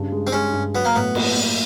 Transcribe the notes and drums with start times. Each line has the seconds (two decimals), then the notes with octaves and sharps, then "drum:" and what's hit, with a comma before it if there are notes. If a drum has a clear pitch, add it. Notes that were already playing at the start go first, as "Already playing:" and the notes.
Already playing: G2 C#3
0.12 G#3
0.27 C4
0.32 G#3 C#4
0.53 G2
0.74 F#3 B3
0.85 A#3
0.95 A2 B3
1.15 A#3, drum: cymbal
1.36 A#3